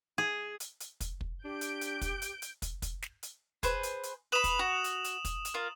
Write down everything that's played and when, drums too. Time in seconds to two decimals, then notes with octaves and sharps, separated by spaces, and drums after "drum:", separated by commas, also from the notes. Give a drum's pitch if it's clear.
0.18 G#4
0.60 drum: hi-hat
0.80 drum: hi-hat
1.00 drum: kick, hi-hat
1.21 drum: kick
1.45 D4 G4 G6 D7
1.61 drum: hi-hat
1.81 drum: hi-hat
2.01 drum: kick, hi-hat
2.22 drum: hi-hat
2.42 drum: hi-hat
2.62 drum: kick, hi-hat
2.82 drum: kick, hi-hat
3.02 drum: snare
3.23 drum: hi-hat
3.63 G#4 B4 C5, drum: kick, hi-hat
3.83 drum: hi-hat
4.03 drum: hi-hat
4.32 B4 B5 D#6 E7 F#7
4.44 drum: kick, hi-hat
4.59 F#4
4.84 drum: hi-hat
5.04 drum: hi-hat
5.25 drum: kick, hi-hat
5.45 drum: hi-hat
5.54 F4 A#4